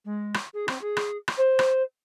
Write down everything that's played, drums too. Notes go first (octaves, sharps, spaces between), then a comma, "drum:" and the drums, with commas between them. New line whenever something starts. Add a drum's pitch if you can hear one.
G#3
drum: rim click
G#4
C4, drum: rim click
G#4
drum: rim click
drum: rim click
C5
drum: rim click